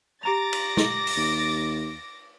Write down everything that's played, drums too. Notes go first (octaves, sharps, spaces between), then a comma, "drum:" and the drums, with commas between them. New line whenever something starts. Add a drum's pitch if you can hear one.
G4 A#5 D6 A6 A#6 F7
drum: cymbal
drum: snare
drum: open hi-hat
D#2